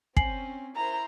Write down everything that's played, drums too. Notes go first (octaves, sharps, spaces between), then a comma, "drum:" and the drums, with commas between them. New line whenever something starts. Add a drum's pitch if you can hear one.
C4 C#4 G#5 C7 F#7, drum: kick
E4 A#4 C5 A#5